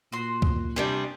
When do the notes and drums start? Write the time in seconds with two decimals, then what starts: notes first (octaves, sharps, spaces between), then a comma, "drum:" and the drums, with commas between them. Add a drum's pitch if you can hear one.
0.12 A#2 F#4 C6
0.42 drum: kick
0.76 C3 G3 C4 D4 G#4